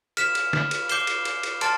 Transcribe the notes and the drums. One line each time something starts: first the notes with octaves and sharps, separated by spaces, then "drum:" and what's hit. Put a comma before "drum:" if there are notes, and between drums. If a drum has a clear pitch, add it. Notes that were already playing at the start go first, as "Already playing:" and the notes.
F6 B6 E7, drum: cymbal
drum: cymbal
drum: snare
drum: cymbal
D6 G6 C7 E7 G7, drum: cymbal
drum: cymbal
drum: cymbal
drum: cymbal
A5 C6 F6 A6 D7, drum: cymbal